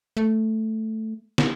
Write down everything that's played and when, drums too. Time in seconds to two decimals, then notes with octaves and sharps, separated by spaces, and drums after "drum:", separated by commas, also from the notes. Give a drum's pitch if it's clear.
0.17 A3
1.38 drum: snare